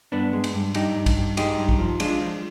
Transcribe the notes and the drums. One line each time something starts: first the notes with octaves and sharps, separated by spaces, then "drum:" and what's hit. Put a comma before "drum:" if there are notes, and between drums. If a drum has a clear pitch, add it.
G2 B3 D4
G#3
drum: cymbal
G2
G2 D#4 G4, drum: cymbal
G2
drum: kick, cymbal
G2
G#3 D#4 G4, drum: cymbal
G2
drum: kick
F3
G#3 D4 F4, drum: cymbal
F3